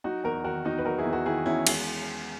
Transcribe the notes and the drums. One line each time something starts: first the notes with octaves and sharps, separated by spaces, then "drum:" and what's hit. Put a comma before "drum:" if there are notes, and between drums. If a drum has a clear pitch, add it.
F#3 D#4 F#4
E2 F#4 A#4
D#3 F#4 A#4
E2 D#4 F#4
B4
F#3 F#4 A#4
E4 G#4
E2
F#4 A#4
D#3 E4 G#4
E2 C#4 E4
G#3, drum: cymbal